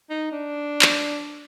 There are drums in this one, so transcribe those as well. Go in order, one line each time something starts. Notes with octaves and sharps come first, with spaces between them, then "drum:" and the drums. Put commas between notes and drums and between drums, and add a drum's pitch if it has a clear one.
D#4
D4
drum: clap